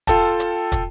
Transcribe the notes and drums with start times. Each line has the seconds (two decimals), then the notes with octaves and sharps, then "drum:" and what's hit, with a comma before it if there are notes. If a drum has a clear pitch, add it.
0.07 F4 A4 G5 A5, drum: kick, hi-hat
0.40 drum: hi-hat
0.72 drum: kick, hi-hat